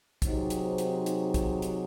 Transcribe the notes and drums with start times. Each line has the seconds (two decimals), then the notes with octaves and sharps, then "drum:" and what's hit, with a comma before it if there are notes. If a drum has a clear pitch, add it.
0.22 C3 F#3 C4 D#4 G#4, drum: kick, hi-hat
0.50 drum: hi-hat
0.78 drum: hi-hat
1.06 drum: hi-hat
1.34 drum: kick, hi-hat
1.62 drum: hi-hat